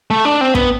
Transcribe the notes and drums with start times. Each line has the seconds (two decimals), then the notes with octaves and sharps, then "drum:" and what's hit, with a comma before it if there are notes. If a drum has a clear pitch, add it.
0.11 A3
0.25 D4
0.41 C4
0.55 B3, drum: kick